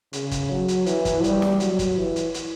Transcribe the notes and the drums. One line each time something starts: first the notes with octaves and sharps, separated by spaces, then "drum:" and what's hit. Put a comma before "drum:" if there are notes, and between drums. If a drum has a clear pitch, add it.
C#3, drum: hi-hat
drum: kick, hi-hat
F#3
drum: hi-hat
E3, drum: hi-hat
drum: kick, hi-hat
G3, drum: hi-hat
drum: snare
F#3, drum: hi-hat
drum: kick, hi-hat
E3
drum: hi-hat
drum: hi-hat